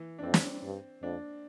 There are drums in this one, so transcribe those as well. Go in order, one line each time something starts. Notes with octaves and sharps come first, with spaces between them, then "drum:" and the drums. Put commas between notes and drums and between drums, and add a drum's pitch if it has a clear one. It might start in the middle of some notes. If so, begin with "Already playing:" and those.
Already playing: E3
D4
F2 C4
drum: snare
G2
F2 D4